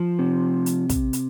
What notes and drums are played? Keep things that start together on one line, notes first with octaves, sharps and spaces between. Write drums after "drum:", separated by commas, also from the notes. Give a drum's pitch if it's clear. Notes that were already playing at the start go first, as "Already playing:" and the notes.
Already playing: F3
C3
drum: hi-hat
drum: kick, hi-hat
drum: hi-hat